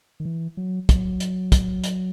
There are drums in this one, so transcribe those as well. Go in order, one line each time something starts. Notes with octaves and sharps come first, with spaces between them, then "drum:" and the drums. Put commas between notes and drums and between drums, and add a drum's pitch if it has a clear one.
D#3
E3
F#3
F#3, drum: kick, hi-hat
drum: hi-hat
drum: kick, hi-hat
drum: hi-hat